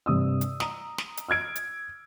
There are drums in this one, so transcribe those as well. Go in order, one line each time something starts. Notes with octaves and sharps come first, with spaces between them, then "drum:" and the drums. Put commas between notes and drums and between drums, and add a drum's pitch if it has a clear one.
G2 C3 D#6 E6
drum: hi-hat
A#5 D#6, drum: snare
drum: snare
drum: hi-hat
E6 F6 G#6 D7
drum: hi-hat